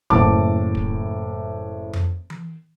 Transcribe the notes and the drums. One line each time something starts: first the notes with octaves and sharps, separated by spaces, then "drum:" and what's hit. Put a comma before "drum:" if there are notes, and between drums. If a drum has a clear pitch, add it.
F#1 A2 A5 D6, drum: kick D1
drum: kick D1
drum: tom F2
drum: tom E3